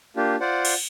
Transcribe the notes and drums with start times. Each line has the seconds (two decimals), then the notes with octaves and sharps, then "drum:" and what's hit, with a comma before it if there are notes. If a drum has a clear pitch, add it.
0.16 A#3 D4 F4 G4
0.41 F4 C5 D5 F#5
0.65 drum: cymbal